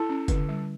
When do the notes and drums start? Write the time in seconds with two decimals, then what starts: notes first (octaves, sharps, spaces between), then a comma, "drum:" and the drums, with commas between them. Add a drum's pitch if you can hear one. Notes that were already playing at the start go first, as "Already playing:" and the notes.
Already playing: E4 A4
0.09 C#4
0.28 D3, drum: kick F1, hi-hat
0.49 G3